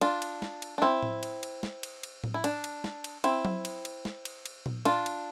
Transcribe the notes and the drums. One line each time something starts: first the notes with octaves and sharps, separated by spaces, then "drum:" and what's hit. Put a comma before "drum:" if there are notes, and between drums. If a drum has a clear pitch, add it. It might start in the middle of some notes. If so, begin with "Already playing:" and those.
D4 F4, drum: cymbal
drum: cymbal
drum: snare
drum: cymbal
D4
C4 E4
drum: tom A2
drum: cymbal
drum: cymbal
drum: snare
drum: cymbal
drum: cymbal
drum: tom A2
E4
D4, drum: cymbal
drum: cymbal
drum: snare
drum: cymbal
C4 E4, drum: cymbal
drum: tom F#3
drum: cymbal
drum: cymbal
drum: snare
drum: cymbal
drum: cymbal
drum: tom A#2
D4 F4, drum: cymbal
drum: cymbal